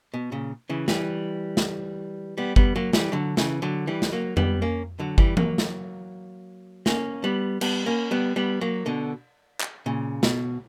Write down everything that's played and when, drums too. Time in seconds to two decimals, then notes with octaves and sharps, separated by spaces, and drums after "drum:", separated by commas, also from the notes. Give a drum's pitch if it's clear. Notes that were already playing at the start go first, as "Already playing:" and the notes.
0.14 B2
0.32 A#2 C#3
0.69 C#3 E3
0.88 E3 G3, drum: snare
1.57 drum: snare
2.38 G3 B3
2.56 G3 B3, drum: kick G1
2.76 F#3 A#3
2.93 E3 G3, drum: snare
3.12 D3 F#3
3.37 C#3 E3, drum: snare
3.62 D3 F#3
3.87 E3 G3
4.02 drum: snare
4.12 F#3 A#3
4.37 G3 B3, drum: tom F2
4.62 A#3 C#4
4.99 D3 F#3
5.18 E3 G3, drum: kick G1
5.37 F#3 A#3, drum: tom E3
5.58 drum: snare
6.86 A#3 C#4, drum: snare
7.24 G3 B3
7.61 G3 B3, drum: cymbal
7.86 A#3 C#4
8.11 G3 B3
8.36 G3 B3
8.61 F#3 A#3
8.86 B2 D3
9.61 drum: clap
9.86 A#2 C#3
10.23 B2, drum: snare